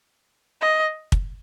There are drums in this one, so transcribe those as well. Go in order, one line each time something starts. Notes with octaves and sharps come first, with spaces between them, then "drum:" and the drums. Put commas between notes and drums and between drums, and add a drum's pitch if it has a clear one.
D#5
drum: kick